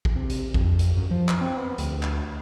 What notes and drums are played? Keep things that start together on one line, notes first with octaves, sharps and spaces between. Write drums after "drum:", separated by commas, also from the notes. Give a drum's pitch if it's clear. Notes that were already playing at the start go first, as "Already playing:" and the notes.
drum: kick
C3
drum: hi-hat
F2, drum: kick
drum: hi-hat
F#2
F3
drum: clap
C4
B3
D2, drum: hi-hat
drum: clap